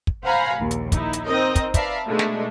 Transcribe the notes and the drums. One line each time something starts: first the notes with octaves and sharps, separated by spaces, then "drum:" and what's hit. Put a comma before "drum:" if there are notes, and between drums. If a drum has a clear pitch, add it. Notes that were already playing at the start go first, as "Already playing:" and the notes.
drum: kick
C5 F5 F#5 G#5 A#5 B5
A#1 D#2
drum: hi-hat
D#4 E4, drum: kick, hi-hat
drum: hi-hat
C4 D#4 A#4 D#5 A#5
drum: kick, hi-hat
B4 D5 E5 F5 A5 A#5, drum: kick, hi-hat
B2 G#3 A3 D4 D#4
drum: snare